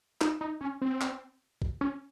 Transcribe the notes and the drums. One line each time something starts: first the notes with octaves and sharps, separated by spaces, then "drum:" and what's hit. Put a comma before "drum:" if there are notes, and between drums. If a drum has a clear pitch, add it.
D#4, drum: clap
D#4
C#4
C4
drum: clap
drum: kick A#1
C#4